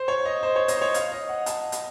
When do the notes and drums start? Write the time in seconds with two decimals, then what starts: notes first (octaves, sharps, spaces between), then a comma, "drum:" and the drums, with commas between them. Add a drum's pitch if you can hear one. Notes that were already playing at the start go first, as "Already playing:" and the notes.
Already playing: C5
0.08 C#5
0.25 D#5
0.43 C5
0.56 C#5
0.68 D#5, drum: hi-hat
0.77 C5
0.81 C#5
0.94 F5, drum: hi-hat
1.12 D#5
1.29 F#5
1.46 A5, drum: hi-hat
1.72 drum: hi-hat